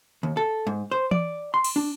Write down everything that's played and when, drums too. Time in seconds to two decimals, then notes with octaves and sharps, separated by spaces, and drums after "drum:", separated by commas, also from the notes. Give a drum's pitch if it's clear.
0.23 D#2
0.37 A4
0.67 G#2
0.92 C5
1.11 D5, drum: tom E3
1.54 C6
1.64 drum: cymbal
1.76 D4